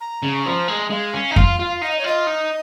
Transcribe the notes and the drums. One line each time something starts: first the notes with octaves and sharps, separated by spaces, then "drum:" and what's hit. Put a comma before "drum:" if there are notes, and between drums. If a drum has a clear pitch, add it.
A#5
C#3
F3
G#3
G#3 F5
C#4
D#4
F4, drum: kick F2
F4
D#4 F5
D#5
C#5
F4 D#5
D#4